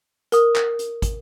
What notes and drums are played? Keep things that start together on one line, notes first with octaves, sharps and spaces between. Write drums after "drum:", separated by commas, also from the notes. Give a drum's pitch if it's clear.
A#4 D#6, drum: hi-hat
drum: clap
drum: hi-hat
drum: kick, hi-hat